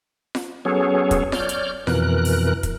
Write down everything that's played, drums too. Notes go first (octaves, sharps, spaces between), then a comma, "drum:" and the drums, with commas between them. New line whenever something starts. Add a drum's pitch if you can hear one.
drum: snare F4
F#3 B3 C#4 G#4 A4 C#5
drum: kick, hi-hat
C#5 D5 F6 G6, drum: snare F4
drum: hi-hat
F2 B2 E3 A#4 F#6, drum: snare F4
drum: open hi-hat
drum: kick, hi-hat